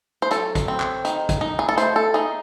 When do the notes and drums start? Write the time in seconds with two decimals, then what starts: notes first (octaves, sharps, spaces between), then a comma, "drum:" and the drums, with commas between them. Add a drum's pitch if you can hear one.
0.22 C5
0.31 F#3 A4, drum: hi-hat
0.55 drum: kick, hi-hat
0.68 C4
0.80 drum: clap
1.05 D#3, drum: hi-hat
1.29 drum: kick, hi-hat
1.41 D#4
1.59 G#4
1.69 A4
1.78 A3 C5, drum: hi-hat
1.96 A4
2.14 D#4 G#4